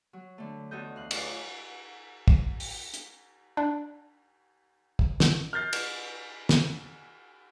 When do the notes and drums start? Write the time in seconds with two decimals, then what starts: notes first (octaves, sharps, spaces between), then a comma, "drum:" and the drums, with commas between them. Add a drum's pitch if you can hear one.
0.13 F#3
0.38 D3 A3
0.71 E2 F#4 A4 D#5 G6
0.96 D2 F5 F#6
1.11 D#4 F4 C#5 D5 F5, drum: cymbal
2.28 drum: kick
2.60 drum: open hi-hat
2.94 drum: hi-hat
3.57 D4
4.99 drum: kick
5.20 drum: snare
5.53 F6 G6 A6 C7
5.73 drum: cymbal
6.49 drum: snare